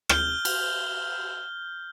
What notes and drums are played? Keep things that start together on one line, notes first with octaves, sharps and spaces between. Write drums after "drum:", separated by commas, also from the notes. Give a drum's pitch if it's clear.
F6 G6 G7, drum: rim click
drum: cymbal